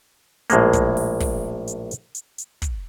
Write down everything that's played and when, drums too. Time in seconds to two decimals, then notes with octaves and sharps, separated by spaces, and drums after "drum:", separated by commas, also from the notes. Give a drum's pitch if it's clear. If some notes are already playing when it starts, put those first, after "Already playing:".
0.50 A#1 A2 G#3 A#3, drum: hi-hat
0.73 drum: kick, hi-hat
0.97 drum: open hi-hat
1.20 drum: kick, open hi-hat
1.67 drum: hi-hat
1.91 drum: hi-hat
2.15 drum: hi-hat
2.38 drum: hi-hat
2.62 drum: kick, hi-hat